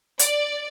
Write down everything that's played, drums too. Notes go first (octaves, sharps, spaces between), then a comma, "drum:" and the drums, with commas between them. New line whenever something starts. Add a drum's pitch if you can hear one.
D5, drum: hi-hat